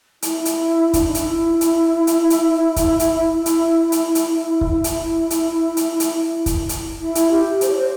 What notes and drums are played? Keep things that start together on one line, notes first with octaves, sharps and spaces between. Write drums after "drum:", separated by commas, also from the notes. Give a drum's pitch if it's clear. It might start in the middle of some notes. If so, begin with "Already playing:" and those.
E4, drum: hi-hat
drum: hi-hat
D4, drum: kick, hi-hat
D#4
E4, drum: hi-hat
drum: hi-hat
drum: hi-hat
drum: hi-hat
drum: kick, hi-hat
drum: hi-hat
drum: hi-hat
drum: hi-hat
drum: hi-hat
drum: kick
E4, drum: hi-hat
drum: hi-hat
drum: hi-hat
drum: hi-hat
drum: kick, hi-hat
drum: hi-hat
E4
drum: hi-hat
G4
C5, drum: hi-hat
C#5
C5